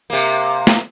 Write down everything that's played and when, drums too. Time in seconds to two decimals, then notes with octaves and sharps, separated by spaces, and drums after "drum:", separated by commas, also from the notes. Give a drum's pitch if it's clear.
0.10 C3 A#3
0.67 drum: snare